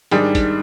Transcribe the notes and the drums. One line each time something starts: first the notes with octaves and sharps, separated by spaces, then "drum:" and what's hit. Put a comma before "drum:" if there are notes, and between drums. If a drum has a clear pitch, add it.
G#2 D#3 G3 D4 G#4, drum: hi-hat
drum: kick G#1, hi-hat